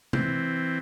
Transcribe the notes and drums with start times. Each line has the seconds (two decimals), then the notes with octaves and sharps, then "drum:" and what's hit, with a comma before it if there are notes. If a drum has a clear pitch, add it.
0.13 E3 C4, drum: tom